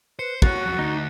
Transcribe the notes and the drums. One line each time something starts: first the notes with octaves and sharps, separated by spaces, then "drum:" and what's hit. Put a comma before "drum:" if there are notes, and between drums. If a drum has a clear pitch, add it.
B4 C5 C#7
A#3 F#4 C#5 F#6 A6, drum: kick
F2 F#3
D2 D#4